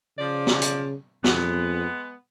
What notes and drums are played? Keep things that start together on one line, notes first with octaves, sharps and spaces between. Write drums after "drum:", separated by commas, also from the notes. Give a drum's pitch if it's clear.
C#3 F3 D5
drum: snare
drum: hi-hat
F2 G#3 B3, drum: snare